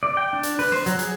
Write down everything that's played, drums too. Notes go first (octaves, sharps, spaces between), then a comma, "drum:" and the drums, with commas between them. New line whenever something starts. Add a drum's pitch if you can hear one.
D5
G5
D4
drum: hi-hat
B4, drum: open hi-hat
C5, drum: rim click
F#3, drum: hi-hat
G#4, drum: hi-hat